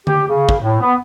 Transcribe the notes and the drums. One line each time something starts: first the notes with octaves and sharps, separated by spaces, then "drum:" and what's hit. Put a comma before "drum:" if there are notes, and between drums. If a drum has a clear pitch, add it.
G4, drum: tom D3
C#3
drum: kick
A2
B3